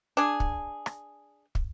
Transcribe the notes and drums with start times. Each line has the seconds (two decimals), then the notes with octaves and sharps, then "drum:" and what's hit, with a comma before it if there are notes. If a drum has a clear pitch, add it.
0.17 D4 G#4
0.40 drum: kick
0.86 drum: rim click
1.55 drum: kick